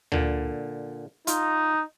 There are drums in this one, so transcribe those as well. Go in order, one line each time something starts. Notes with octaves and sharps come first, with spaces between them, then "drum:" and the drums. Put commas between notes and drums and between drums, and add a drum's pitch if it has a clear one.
A#2 D3, drum: tom D2
D#4 F4, drum: hi-hat